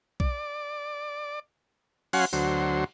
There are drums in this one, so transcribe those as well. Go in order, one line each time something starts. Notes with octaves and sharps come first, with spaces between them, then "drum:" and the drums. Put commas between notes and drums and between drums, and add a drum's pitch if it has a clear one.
D5, drum: kick B1
F#3 C#4 F5 F#5 G#5 C6, drum: cymbal
D2 F#3 C5, drum: tambourine